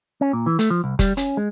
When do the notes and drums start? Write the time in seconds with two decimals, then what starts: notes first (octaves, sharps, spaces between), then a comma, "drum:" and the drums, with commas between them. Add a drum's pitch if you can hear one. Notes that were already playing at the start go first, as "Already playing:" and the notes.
0.21 C#4
0.33 A#2
0.46 E3
0.59 A3, drum: hi-hat
0.70 F3
0.84 C2
0.99 G3, drum: kick F1, hi-hat
1.17 C#4, drum: hi-hat
1.37 G#3